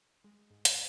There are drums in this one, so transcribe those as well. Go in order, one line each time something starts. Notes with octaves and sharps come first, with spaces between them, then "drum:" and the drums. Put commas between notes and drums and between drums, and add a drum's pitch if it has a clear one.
G#3
G#2
drum: hi-hat